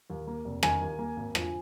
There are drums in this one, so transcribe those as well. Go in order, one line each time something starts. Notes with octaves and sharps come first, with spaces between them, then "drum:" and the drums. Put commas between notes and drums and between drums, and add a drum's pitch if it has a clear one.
D#2
A#3
F1
D#3 G#5, drum: rim click
D#2
A#3
G#1
F3, drum: rim click